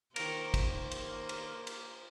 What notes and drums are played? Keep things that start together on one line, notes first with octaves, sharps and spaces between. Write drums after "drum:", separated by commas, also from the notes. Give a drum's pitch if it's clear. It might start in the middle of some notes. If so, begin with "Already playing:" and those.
D#3 A#3 A#4 C5, drum: cymbal
drum: kick, cymbal
drum: cymbal
drum: cymbal
drum: cymbal